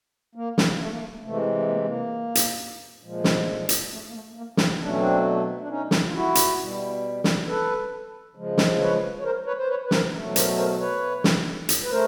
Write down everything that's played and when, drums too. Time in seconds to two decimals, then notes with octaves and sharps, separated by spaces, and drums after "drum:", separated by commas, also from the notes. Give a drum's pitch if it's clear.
0.35 A#3
0.58 drum: snare
0.79 A3
0.89 A#3
0.97 A3
1.24 C3 E3 G#3 A3
1.69 A#3
1.76 A3
1.84 A#3
2.35 drum: hi-hat
3.02 A#2 F3 G#3
3.24 drum: snare
3.69 drum: hi-hat
3.92 A3
4.08 A#3
4.13 A3
4.36 A#3
4.57 A#3 C4, drum: snare
4.80 B2 F#3 A3 D4
4.88 C#4
4.96 C4 D4
5.61 D4
5.69 C#4 D#4
5.91 drum: snare
6.06 F4
6.13 E4 F#4
6.35 drum: hi-hat
6.57 B2 G3
7.24 drum: snare
7.46 A4 B4
8.35 C#3 F3 G#3
8.58 drum: snare
8.80 B4 C#5
9.18 C#5
9.24 A#4 C5
9.46 B4 C#5
9.58 C5
9.68 B4 C#5
9.86 B4
9.91 A#4 C5, drum: snare
10.13 B2 F#3 A3
10.36 A#4 C5, drum: hi-hat
10.57 A#4 C5
10.80 B4 C#5
11.24 drum: snare
11.69 drum: hi-hat
11.83 B4
11.91 A3 A#4 C5